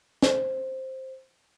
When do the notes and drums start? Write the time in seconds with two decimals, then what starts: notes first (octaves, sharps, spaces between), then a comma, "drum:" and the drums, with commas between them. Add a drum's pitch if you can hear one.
0.22 C5, drum: snare